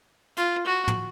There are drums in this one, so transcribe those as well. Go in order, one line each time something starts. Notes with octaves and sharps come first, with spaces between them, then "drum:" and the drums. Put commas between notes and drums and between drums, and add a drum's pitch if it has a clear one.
F4, drum: hi-hat
F#4
drum: tom